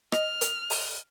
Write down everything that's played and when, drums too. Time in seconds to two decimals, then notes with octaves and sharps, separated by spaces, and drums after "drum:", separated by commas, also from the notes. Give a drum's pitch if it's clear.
0.12 D#5 F6, drum: rim click
0.41 drum: hi-hat
0.70 drum: open hi-hat